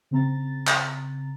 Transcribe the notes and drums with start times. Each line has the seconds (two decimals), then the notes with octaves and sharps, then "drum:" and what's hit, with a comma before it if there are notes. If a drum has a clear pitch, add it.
0.11 C#3 C4 A#5 A6
0.67 drum: clap